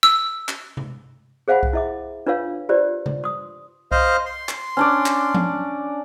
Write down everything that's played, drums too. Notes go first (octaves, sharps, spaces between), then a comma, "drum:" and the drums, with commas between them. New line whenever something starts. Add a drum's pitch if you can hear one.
E6
drum: clap
drum: tom C3
G#4 C5 F5 F#5 G#5 B5
drum: kick C2
E4 E5 D6
D4 F4 B4 C#5 F5
F4 G4 B4 C5 D5
drum: tom C#3
C6 D#6
C5 D#5 F5, drum: kick C2
C6
drum: clap
C#4 D4 D5
drum: clap
drum: tom F3